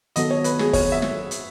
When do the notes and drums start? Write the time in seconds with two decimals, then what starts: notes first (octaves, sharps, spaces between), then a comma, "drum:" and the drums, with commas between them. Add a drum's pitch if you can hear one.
0.16 D#3 F#3 B3 F#4 A4 D#5, drum: hi-hat
0.31 C#5
0.44 B4, drum: hi-hat
0.59 G#4, drum: snare
0.73 C#5, drum: kick, open hi-hat
0.92 E5
1.02 drum: snare
1.31 drum: hi-hat